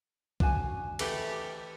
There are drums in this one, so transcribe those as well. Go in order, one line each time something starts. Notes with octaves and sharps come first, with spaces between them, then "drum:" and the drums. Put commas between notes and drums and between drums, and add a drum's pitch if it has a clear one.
D4 F#4 G#5, drum: kick
E3 A3 G4, drum: cymbal